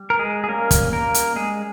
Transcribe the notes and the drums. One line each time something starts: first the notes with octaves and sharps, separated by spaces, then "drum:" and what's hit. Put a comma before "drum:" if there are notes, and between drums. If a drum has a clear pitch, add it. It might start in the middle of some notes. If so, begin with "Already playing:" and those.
Already playing: G3
A#4
G#3 G#4
G#4
G3 A#3 C#4 A#4
drum: kick, hi-hat
A#3 A#4
drum: hi-hat
G#3 G#4